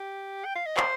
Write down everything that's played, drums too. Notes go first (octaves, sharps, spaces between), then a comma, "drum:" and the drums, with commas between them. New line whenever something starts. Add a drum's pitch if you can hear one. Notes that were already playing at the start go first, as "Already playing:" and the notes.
Already playing: G4
G5
F5
D#5
C5, drum: clap